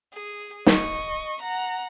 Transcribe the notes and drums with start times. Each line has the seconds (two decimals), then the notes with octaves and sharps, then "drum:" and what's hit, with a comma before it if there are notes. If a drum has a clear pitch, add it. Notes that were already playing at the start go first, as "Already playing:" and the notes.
0.13 G#4
0.66 D#5 C#6, drum: snare
1.42 F#5 A#5